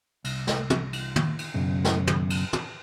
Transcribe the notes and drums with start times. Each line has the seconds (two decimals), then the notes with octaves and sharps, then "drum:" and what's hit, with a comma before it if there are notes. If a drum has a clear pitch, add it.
0.24 C2, drum: cymbal
0.47 drum: snare
0.70 drum: tom
0.93 drum: cymbal
1.16 drum: tom
1.39 drum: cymbal
1.54 B1 F#2 C#3
1.84 drum: snare
2.07 drum: tom
2.30 drum: cymbal
2.53 drum: tom